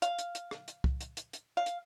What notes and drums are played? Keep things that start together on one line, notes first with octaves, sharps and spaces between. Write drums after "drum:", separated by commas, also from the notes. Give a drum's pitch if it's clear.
F5, drum: hi-hat
drum: hi-hat
drum: hi-hat
drum: rim click
drum: hi-hat
drum: kick
drum: hi-hat
drum: hi-hat
drum: hi-hat
F5
drum: hi-hat